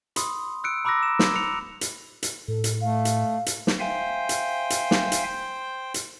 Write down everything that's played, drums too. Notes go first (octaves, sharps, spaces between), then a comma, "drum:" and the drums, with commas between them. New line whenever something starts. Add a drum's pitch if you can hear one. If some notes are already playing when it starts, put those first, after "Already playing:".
B5 C6 D#6, drum: hi-hat
E6 F#6 C#7 D7
A#5 B5 D6 E6 F#6 A#6
E7
drum: snare
C#7 F7
drum: hi-hat
drum: hi-hat
A2 A4
drum: hi-hat
A3 F5
drum: hi-hat
drum: hi-hat
drum: snare
C5 E5 F5 G5 G#5
drum: hi-hat
drum: hi-hat
drum: snare
drum: hi-hat
drum: hi-hat